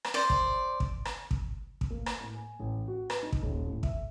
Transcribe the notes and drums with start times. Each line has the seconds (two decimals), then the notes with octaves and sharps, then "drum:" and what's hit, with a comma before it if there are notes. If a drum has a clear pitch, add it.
0.04 drum: rim click
0.14 C5 D5
0.30 drum: kick
0.80 drum: kick
1.05 drum: rim click
1.31 drum: kick
1.81 drum: kick
1.90 A#3
2.06 drum: rim click
2.20 A2
2.35 G#5
2.60 A1
2.88 F#4
3.10 B4, drum: rim click
3.23 D#4
3.32 drum: kick
3.42 D#1
3.67 A2
3.83 E5, drum: kick